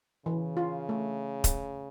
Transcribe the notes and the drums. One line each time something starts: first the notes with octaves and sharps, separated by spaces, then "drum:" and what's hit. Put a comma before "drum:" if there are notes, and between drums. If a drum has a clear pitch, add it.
C#3 E3
F4
A3
drum: kick D#1, hi-hat